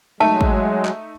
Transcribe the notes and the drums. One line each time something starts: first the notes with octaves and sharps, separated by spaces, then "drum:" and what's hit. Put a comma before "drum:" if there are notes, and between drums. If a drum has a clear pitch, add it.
F#3 G#3 A3 D#4 E5 A5
drum: kick
drum: clap